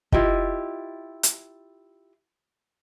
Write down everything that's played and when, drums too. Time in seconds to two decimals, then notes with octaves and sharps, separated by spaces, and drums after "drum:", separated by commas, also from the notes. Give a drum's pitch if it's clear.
0.12 E4 F4 G4 D#5, drum: kick
1.23 drum: hi-hat